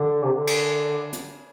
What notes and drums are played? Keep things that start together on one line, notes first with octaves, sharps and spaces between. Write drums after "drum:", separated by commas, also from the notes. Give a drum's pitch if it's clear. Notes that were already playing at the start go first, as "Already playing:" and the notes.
Already playing: D3
C3
D3
drum: cymbal
drum: hi-hat